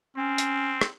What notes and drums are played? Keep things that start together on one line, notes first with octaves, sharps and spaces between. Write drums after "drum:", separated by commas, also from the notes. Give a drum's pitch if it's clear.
C4 C#4
drum: hi-hat
drum: rim click